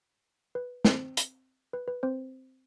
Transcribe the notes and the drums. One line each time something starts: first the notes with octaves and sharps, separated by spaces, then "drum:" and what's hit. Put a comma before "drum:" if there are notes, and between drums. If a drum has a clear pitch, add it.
B4
C4 C5, drum: snare
drum: hi-hat
B4
B4
C4 C5